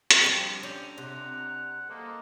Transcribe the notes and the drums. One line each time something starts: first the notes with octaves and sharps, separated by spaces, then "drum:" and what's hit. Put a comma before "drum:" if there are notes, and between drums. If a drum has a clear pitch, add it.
drum: hi-hat
D3 F3 G3 A3 C4 D4 A#5
C#4 G4
C3 F#5
A#3 A4 C5 D#5